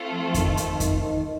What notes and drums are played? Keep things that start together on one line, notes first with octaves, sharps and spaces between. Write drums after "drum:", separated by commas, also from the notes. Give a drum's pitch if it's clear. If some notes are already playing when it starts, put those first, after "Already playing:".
Already playing: A3 C4 F4 A4
F3
D#3, drum: kick F2, hi-hat
drum: hi-hat
drum: kick F2, hi-hat